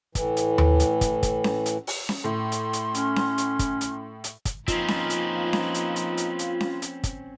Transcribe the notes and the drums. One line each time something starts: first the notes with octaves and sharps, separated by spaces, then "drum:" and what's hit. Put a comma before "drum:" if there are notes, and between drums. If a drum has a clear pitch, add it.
A2 E3, drum: kick, hi-hat
drum: hi-hat
drum: tom D#2
drum: hi-hat
drum: kick, hi-hat
drum: kick, hi-hat
drum: snare C#4
drum: hi-hat
drum: open hi-hat
drum: snare C#4
A2 C6
drum: hi-hat
drum: hi-hat
C#4, drum: hi-hat
drum: snare C#4
drum: hi-hat
drum: kick, hi-hat
drum: hi-hat
drum: hi-hat
drum: kick, hi-hat
F3 A#3 C4 C#4 D#4 F4 B4, drum: kick, hi-hat
drum: snare C#4
drum: hi-hat
drum: snare C#4
drum: hi-hat
drum: hi-hat
drum: hi-hat
drum: hi-hat
drum: snare C#4
drum: hi-hat
drum: kick, hi-hat